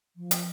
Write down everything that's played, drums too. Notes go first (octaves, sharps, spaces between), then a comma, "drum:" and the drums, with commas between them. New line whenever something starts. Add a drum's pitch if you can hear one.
F3
drum: hi-hat